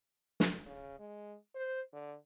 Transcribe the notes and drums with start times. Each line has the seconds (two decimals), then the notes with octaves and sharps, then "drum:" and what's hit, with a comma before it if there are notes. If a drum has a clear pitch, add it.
0.40 drum: snare
0.66 C#3
0.99 G#3
1.55 C5
1.93 D3